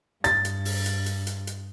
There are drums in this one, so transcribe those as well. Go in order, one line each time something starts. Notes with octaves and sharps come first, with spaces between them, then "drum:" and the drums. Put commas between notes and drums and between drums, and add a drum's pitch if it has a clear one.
G2 A6, drum: hi-hat
drum: hi-hat
drum: open hi-hat
drum: hi-hat
drum: hi-hat
drum: hi-hat
drum: hi-hat